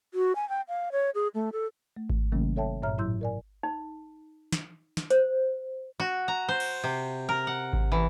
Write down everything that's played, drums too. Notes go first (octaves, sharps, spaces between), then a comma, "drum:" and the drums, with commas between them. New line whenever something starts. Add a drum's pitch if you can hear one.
F#4
G#5
G5
F5
C#5
G#4
A3
A4
A3
drum: kick G#1
C3 D#3 F#3 A3 A#3 C#4
A4 C#5 E5 G5 A5
G2 A#2 C#5 E5 A#5 F6
A2 F#3 E4 C6 E6 G6
A#4 D5 G#5
D#4
drum: snare
drum: snare
C5, drum: hi-hat
F#4
A#5
C5
drum: cymbal
C3
A#4
F#5
drum: kick G#1
E3